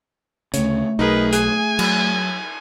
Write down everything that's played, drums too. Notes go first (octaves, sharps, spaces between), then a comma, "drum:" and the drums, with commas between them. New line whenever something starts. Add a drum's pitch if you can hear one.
D2 C#3 A3 C#5, drum: hi-hat
B1 D#4 G#4 A#4 B4
G#4 G#5 F#6, drum: hi-hat
F#3, drum: cymbal